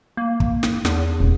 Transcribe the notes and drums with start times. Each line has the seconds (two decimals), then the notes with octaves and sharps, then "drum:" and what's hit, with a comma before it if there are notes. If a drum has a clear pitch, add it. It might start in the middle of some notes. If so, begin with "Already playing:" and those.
0.17 A#3
0.40 drum: kick
0.63 drum: snare
0.85 E2, drum: snare
1.20 D#1